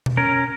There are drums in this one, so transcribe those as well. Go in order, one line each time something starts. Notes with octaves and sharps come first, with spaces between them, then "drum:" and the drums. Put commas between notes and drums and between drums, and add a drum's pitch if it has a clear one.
drum: tom B2
C#4 A#4